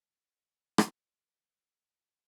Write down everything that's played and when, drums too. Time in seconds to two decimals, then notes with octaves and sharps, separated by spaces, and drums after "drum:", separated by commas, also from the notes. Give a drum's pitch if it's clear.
0.78 drum: rim click
0.88 B4 C#5 F5
1.08 G4
1.40 B4 D5 D#5
1.61 G#3 C#5